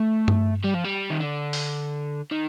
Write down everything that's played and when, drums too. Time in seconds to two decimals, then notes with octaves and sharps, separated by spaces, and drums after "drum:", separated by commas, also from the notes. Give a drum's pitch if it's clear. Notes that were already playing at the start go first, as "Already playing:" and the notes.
Already playing: A3
0.28 drum: tom G2
0.64 G3
0.74 F3
0.84 G3
1.10 D#3
1.20 D3
1.53 drum: open hi-hat
2.32 D#3